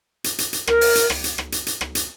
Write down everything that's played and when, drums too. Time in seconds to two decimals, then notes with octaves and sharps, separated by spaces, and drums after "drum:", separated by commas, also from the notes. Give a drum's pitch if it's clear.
0.24 drum: hi-hat
0.38 drum: hi-hat
0.53 drum: hi-hat
0.67 A#4, drum: rim click
0.81 drum: open hi-hat
0.95 drum: hi-hat
1.10 drum: rim click
1.24 drum: hi-hat
1.38 drum: rim click
1.52 drum: hi-hat
1.67 drum: hi-hat
1.81 drum: rim click
1.95 drum: hi-hat